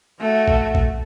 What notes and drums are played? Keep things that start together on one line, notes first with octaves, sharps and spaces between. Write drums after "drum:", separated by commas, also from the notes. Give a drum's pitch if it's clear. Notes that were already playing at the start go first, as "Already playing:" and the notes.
A3 F#4
drum: kick
drum: kick